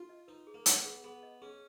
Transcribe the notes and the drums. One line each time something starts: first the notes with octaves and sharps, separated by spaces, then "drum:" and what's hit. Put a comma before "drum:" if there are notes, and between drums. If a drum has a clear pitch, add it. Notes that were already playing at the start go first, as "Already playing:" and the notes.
Already playing: F4
D#5
D#4 B4
G#4
A#3
B3 G#4, drum: hi-hat
G#4
B3 G#4
D#5
C#4 G#4